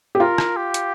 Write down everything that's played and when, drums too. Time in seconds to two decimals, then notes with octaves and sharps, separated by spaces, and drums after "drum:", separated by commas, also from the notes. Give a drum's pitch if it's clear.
0.15 G4
0.20 F4 A#4
0.38 drum: rim click
0.56 G4
0.74 drum: hi-hat